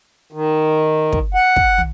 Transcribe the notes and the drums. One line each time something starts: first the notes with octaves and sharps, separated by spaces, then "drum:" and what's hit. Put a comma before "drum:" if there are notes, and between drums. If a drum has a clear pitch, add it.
D#3
drum: kick
F#5
drum: kick
drum: tom